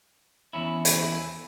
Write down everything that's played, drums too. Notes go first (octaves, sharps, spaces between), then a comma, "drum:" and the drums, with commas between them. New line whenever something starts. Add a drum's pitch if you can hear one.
E2 C#4 E4
drum: hi-hat